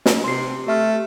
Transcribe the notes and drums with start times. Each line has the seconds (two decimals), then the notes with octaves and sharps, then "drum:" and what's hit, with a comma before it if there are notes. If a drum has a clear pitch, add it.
0.06 drum: snare
0.24 C3 C6 C7
0.67 A3 G4 E5 F6